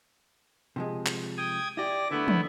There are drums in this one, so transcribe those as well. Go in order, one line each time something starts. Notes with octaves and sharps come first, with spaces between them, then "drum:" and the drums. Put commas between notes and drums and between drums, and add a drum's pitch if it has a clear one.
C3 F3 G#3
drum: clap
G5 D#6 G#6
E4 G4 D5 A#6
D3 A3 B3 E4
drum: tom